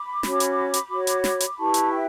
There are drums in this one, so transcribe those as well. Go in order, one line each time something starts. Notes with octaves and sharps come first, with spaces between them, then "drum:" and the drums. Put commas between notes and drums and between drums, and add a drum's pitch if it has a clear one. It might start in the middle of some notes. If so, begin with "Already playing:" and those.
Already playing: B5 D6
C#4 F#4 C#5, drum: snare
drum: hi-hat
drum: hi-hat
F#4 C#5
drum: hi-hat
drum: snare
drum: hi-hat
E4 G4 B4 A5 C#6
drum: hi-hat
E5 G5